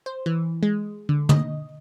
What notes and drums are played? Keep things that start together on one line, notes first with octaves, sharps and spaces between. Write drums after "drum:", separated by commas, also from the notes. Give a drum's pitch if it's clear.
C5
E3
G#3
D3
D#5, drum: tom